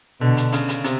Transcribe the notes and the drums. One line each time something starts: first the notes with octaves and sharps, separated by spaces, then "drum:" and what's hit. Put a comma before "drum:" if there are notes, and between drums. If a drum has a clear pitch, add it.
B2 D3
drum: hi-hat
C#3, drum: hi-hat
drum: hi-hat
C3, drum: hi-hat